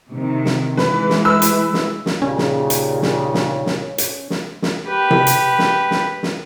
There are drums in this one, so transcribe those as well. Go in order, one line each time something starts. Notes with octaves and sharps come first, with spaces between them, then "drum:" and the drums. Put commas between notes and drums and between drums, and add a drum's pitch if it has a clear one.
C3 D#3
drum: snare
E3 G#3 B4, drum: snare
drum: snare
B4 E6
drum: hi-hat
drum: snare
drum: snare
D#2 A#2 C#3 C#4
drum: snare
drum: hi-hat
drum: snare
drum: snare
drum: snare
drum: hi-hat
drum: snare
drum: snare
G4 B4
drum: tom C3
drum: hi-hat
drum: snare
drum: snare
drum: snare